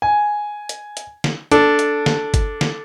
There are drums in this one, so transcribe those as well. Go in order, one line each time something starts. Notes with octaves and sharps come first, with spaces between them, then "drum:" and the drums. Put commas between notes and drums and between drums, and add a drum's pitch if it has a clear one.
G#5
drum: hi-hat
drum: hi-hat
drum: snare
D4 A4, drum: hi-hat
drum: hi-hat
drum: snare
drum: kick G1, hi-hat
drum: snare